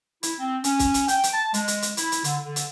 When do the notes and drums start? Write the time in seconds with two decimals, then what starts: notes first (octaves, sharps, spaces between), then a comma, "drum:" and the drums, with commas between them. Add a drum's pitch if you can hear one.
0.23 E4, drum: hi-hat
0.39 C4
0.64 C#4, drum: hi-hat
0.79 drum: kick, hi-hat
0.94 drum: hi-hat
1.08 G5, drum: hi-hat
1.23 drum: hi-hat
1.34 A5
1.54 G#3, drum: hi-hat
1.68 drum: hi-hat
1.82 drum: hi-hat
1.97 E4, drum: hi-hat
2.12 drum: hi-hat
2.24 D3, drum: hi-hat
2.45 D3
2.56 drum: hi-hat